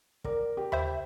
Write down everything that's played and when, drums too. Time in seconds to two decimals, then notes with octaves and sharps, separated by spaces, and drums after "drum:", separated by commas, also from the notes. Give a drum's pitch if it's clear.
0.24 A#4 D5, drum: kick
0.57 G4
0.72 C5 E5 B5, drum: tom D#2